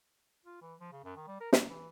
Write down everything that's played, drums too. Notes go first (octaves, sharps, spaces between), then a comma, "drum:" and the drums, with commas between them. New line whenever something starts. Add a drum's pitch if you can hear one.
F4
E3
F3
C#3
F#2
D#3
G3
A#4
A#2, drum: snare
E3